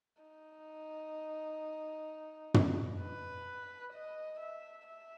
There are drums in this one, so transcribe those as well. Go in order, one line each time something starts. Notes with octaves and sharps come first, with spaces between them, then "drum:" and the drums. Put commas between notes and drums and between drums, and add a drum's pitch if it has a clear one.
D#4
drum: tom
B4
D#5
E5
E5